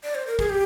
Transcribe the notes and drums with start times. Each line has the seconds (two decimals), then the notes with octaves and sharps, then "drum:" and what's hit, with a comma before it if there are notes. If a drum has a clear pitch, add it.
0.04 D5
0.15 C5
0.27 A#4
0.39 G#4, drum: kick
0.49 G4